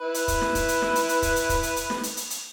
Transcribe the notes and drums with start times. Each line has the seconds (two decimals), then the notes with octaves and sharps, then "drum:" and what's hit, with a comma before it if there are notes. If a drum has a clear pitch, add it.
0.01 E4 B4
0.14 drum: hi-hat
0.28 drum: kick, hi-hat
0.41 drum: snare
0.55 drum: kick, hi-hat
0.68 drum: hi-hat
0.82 drum: snare
0.95 drum: hi-hat
1.09 drum: hi-hat
1.22 drum: kick, hi-hat
1.36 drum: hi-hat
1.49 drum: kick, hi-hat
1.63 drum: hi-hat
1.76 drum: hi-hat
1.90 drum: snare
2.03 drum: hi-hat
2.17 drum: hi-hat
2.30 drum: hi-hat